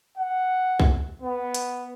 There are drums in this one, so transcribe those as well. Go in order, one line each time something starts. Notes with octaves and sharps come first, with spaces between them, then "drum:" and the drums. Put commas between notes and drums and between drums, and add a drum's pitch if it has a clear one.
F#5
drum: kick C2
B3
drum: hi-hat